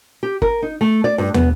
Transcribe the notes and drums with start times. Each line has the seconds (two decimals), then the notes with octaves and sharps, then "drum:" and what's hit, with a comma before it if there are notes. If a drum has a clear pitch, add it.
0.23 G4
0.42 A#4, drum: kick
0.62 D#4
0.81 A3
1.04 D5
1.18 G2
1.34 B3, drum: tom